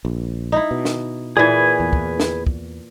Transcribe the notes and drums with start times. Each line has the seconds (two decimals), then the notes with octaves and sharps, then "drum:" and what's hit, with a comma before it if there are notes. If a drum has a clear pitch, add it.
0.05 A#1
0.52 D#4 E4
0.71 B2
0.85 drum: snare
1.37 A#2 E3 G#4 B4 G#5
1.80 E2
1.93 drum: kick
2.20 drum: snare
2.47 drum: kick